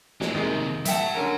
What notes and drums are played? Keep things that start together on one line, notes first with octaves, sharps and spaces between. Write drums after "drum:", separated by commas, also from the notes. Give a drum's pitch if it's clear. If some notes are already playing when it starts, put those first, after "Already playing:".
E3 G#3, drum: snare
D#2 C3 D#3 G#3
F#3 E5 F#5 G5 A5, drum: hi-hat
D3 C#4 A#4